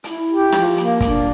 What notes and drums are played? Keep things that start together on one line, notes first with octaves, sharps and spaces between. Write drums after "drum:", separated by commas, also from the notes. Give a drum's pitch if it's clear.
E4, drum: hi-hat
G4
F3, drum: rim click
A#3, drum: hi-hat
D4, drum: kick, hi-hat